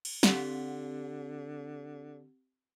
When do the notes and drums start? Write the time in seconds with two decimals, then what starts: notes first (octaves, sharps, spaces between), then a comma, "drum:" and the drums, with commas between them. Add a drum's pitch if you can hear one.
0.05 drum: cymbal
0.23 D3 C4 G4 F#5, drum: snare